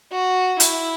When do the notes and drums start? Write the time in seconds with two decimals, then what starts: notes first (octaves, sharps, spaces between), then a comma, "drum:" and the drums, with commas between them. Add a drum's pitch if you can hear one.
0.12 F#4
0.60 E4, drum: hi-hat